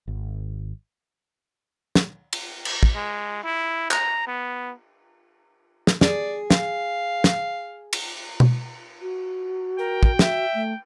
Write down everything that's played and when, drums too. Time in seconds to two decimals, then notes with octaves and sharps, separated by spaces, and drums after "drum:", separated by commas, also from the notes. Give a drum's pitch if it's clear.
0.08 G#1
1.96 drum: snare
2.33 drum: cymbal
2.65 drum: cymbal
2.83 drum: kick
2.95 G#3
3.44 E4
3.91 A#5, drum: clap
4.27 B3
5.87 drum: snare
6.01 G#4 D5, drum: snare
6.51 F5, drum: snare
7.24 drum: snare
7.93 drum: cymbal
8.40 drum: tom B2
9.01 F#4
9.78 A#4 G5
10.03 drum: kick
10.19 E5, drum: snare
10.54 A3